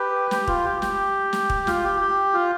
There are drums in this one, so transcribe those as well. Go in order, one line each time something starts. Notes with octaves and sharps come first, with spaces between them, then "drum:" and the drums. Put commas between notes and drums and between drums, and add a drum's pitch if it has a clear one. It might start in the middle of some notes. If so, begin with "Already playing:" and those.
Already playing: G4 B4
G4, drum: snare
F4, drum: kick
G4
G4, drum: snare
drum: snare
drum: kick
F4, drum: snare
G4
G4
F4